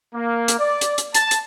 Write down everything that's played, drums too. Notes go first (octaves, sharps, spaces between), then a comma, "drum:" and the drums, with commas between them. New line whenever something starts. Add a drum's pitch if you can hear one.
A#3
drum: hi-hat
D5
drum: hi-hat
drum: hi-hat
A5, drum: hi-hat
drum: hi-hat